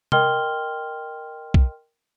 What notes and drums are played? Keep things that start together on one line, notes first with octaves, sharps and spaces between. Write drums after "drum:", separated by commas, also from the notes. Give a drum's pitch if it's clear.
A#4 D#5 G5 C6 F6 G7, drum: tom
drum: kick B1